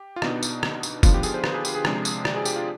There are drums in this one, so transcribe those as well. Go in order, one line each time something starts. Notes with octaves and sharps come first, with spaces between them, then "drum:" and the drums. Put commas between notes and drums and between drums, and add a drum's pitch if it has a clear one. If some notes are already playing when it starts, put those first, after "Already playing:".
Already playing: G4
F4
B2 B3 D4 D#4, drum: rim click
drum: tambourine
drum: rim click
drum: tambourine
D3 F3 B3 D4 F4, drum: kick F1, tambourine
G4
G#4, drum: tambourine
C5
B4, drum: rim click
G#4
G4, drum: tambourine
G#4
C3 F3 G#3 D4, drum: rim click
drum: tambourine
D5, drum: rim click
G#4
G4, drum: tambourine
F4